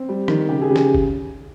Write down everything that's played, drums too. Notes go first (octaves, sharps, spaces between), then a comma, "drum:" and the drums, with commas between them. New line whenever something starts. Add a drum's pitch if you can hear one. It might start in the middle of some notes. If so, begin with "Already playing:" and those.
Already playing: C4
G3
D#3, drum: rim click
C#3 G4
G#4
C#3 G4
G#4, drum: snare
drum: kick F#1